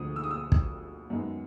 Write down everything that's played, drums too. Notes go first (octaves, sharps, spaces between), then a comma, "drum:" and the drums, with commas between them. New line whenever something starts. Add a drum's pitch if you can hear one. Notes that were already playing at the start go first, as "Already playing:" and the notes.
Already playing: E1 D2 D3 F3 D#6
E6
D#6
E6
drum: kick
F#2 D#3 G#3 B3